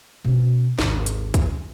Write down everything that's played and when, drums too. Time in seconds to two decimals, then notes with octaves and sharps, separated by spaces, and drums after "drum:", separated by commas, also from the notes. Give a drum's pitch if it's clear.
0.24 B2 C#4
0.79 G#1 D#2, drum: snare
1.06 drum: hi-hat
1.34 drum: kick B1, hi-hat